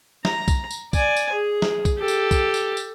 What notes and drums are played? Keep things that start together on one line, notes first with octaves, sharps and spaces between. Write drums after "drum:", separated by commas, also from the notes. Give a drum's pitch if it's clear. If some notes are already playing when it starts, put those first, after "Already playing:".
A#5, drum: snare
drum: kick B1, tambourine
drum: tambourine
D5 G#5, drum: kick B1, tambourine
drum: tambourine
G#4
drum: snare
drum: kick B1, tambourine
G4 A4
drum: tambourine
drum: kick B1, tambourine
drum: tambourine
drum: tambourine